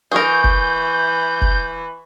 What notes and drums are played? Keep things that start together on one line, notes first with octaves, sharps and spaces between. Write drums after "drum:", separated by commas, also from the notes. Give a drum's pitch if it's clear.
E3 G#4 A#4 E5 C#6 G6
drum: kick F#1
drum: kick F#1